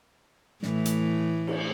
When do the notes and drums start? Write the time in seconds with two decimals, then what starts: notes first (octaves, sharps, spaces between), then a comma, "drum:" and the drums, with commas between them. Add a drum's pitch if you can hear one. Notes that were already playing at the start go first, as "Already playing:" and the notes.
0.63 A2 E3 A3, drum: snare
0.85 drum: hi-hat
1.47 drum: cymbal